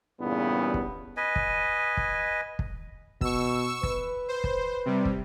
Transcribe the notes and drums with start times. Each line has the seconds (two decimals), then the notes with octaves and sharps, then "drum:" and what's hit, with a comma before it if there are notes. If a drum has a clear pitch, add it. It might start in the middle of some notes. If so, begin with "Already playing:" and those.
0.21 E2 G2 A#2 C#3 G3 B3
0.74 drum: kick
1.17 B4 D#5 G#5
1.36 drum: kick
1.97 drum: kick
2.59 drum: kick
3.21 B2 C#6 E6, drum: kick
3.83 B4, drum: kick
4.28 C5
4.44 drum: kick
4.86 C3 G3
5.05 drum: kick